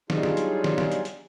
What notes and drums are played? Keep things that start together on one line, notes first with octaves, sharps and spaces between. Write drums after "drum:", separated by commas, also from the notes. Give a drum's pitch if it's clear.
F#3 G3 D4 D#4 F4 G#4, drum: snare
drum: snare
drum: hi-hat
drum: snare
drum: snare
drum: hi-hat
drum: hi-hat